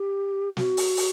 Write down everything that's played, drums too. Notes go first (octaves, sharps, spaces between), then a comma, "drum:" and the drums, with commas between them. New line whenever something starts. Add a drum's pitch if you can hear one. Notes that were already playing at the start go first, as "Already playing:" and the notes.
Already playing: G4
F#4, drum: snare
drum: open hi-hat
drum: open hi-hat